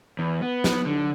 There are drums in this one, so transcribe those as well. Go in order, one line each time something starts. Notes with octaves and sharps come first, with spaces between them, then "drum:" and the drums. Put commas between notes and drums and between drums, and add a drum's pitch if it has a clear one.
E2
B3
drum: snare
D3